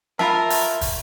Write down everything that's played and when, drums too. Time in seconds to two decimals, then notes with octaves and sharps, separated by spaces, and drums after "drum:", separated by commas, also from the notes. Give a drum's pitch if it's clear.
0.19 F4 A#4 E5 A5 B5, drum: snare
0.50 drum: open hi-hat
0.81 drum: kick, open hi-hat